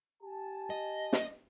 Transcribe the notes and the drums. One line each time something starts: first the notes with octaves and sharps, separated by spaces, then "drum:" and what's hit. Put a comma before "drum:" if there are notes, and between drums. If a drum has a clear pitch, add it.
G4 G#5 A5
D#5
drum: snare